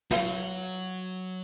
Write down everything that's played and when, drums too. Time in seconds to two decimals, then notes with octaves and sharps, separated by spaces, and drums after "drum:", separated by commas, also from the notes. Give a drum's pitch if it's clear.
0.11 F#3, drum: snare